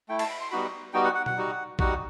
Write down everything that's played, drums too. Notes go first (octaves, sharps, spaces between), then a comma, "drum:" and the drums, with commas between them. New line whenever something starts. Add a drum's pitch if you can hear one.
A3 E4 G5
A5, drum: cymbal
B5
C6
G3 B3 D#4 F#4 B5
G3 B3 D#4 F#4 G5
F#5
F#5
F#5, drum: tom B2
G3 D#4 F#4
G3 D#4 F#4 F#5, drum: kick A#1